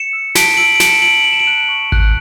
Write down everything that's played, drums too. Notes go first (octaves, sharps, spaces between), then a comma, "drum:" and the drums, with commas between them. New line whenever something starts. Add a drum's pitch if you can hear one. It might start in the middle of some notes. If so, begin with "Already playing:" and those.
Already playing: C#7 E7
E6
A5 B6 D7, drum: snare
E6 D7 F#7
D7
A5 C#7 E7, drum: snare
E6 D7 F#7
A5 F#7
E7
D7 F#7
F#6
C#6
F#6, drum: kick G#1